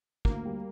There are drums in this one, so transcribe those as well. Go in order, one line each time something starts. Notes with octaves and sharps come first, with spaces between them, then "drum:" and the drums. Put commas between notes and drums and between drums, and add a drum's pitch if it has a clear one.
D2 A#3, drum: kick
G3